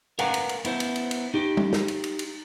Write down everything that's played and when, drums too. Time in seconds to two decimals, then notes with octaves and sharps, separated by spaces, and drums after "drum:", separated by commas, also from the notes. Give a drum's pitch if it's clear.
0.19 A#4 B4 F5 F#5 G#5 A#5, drum: cymbal
0.34 drum: cymbal
0.49 drum: cymbal
0.65 B3 E4 C5, drum: cymbal
0.80 drum: cymbal
0.96 drum: cymbal
1.11 drum: cymbal
1.34 D#4 G4
1.57 drum: tom G3
1.73 drum: snare
1.88 drum: cymbal
2.04 drum: cymbal
2.19 drum: cymbal